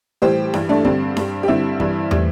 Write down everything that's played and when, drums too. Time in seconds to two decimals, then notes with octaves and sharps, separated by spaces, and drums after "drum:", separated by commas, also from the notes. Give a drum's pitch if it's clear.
0.22 A2 E3 G3 G4 C5
0.54 G2 E3 G3, drum: snare D4
0.69 A3 D4
0.85 G2 D3 G3 C4, drum: kick
1.17 G2 G3, drum: snare D4
1.43 G4
1.48 G2 D3 G3 C4 E4
1.80 G2 E3 G3, drum: kick
2.11 A2 E3 G3, drum: tom